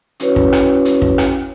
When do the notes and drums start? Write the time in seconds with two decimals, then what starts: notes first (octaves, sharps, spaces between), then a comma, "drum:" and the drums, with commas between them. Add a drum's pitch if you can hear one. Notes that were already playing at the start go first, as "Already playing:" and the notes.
0.20 C#4 E4 F#4 B4 C#5, drum: hi-hat
0.36 drum: kick
0.52 drum: rim click
0.85 drum: hi-hat
1.02 drum: kick
1.18 drum: rim click